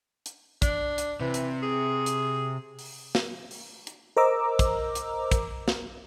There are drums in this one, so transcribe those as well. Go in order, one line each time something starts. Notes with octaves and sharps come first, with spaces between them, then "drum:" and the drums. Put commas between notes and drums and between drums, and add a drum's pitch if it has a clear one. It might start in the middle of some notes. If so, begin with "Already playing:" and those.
drum: hi-hat
D4, drum: kick, hi-hat
drum: hi-hat
C3 E3
drum: hi-hat
G#4
drum: hi-hat
drum: open hi-hat
drum: snare
drum: open hi-hat
drum: hi-hat
A#4 C5 D#5 A#5 D6 E6
drum: kick, hi-hat
drum: hi-hat
drum: kick, hi-hat
drum: snare